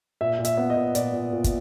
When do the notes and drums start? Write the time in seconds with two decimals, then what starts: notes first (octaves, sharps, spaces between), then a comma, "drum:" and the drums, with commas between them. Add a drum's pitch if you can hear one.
0.21 A#2 E5
0.39 A#2
0.45 E5, drum: hi-hat
0.57 B3
0.70 D#5
0.76 A#2
0.95 A#2 D5, drum: hi-hat
1.13 A#2
1.32 A#2
1.44 drum: kick, hi-hat